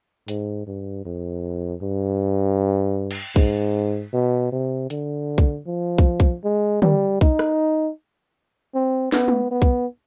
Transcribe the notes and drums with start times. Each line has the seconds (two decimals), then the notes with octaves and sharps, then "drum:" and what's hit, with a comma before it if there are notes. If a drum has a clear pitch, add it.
0.28 G#2, drum: hi-hat
0.67 G2
1.05 F2
1.82 G2
3.11 drum: cymbal
3.36 G#2, drum: kick
4.13 B2
4.52 C3
4.90 D3, drum: hi-hat
5.38 drum: kick
5.67 F3
5.98 drum: kick
6.20 drum: kick
6.44 G#3
6.82 G3, drum: tom D3
7.21 D#4, drum: kick
7.39 drum: rim click
8.75 C4
9.12 B3, drum: snare
9.28 drum: tom G#3
9.51 B3
9.62 drum: kick